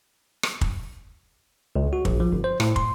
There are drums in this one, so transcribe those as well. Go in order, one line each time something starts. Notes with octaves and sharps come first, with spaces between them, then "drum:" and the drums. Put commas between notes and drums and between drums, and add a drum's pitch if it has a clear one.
drum: rim click
drum: kick
C#2
F#4
A#1, drum: kick
F3
G1
C5
A2, drum: rim click
C6, drum: kick